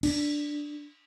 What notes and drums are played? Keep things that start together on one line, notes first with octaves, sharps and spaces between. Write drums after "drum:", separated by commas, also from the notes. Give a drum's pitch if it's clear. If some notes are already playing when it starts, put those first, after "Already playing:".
D4, drum: cymbal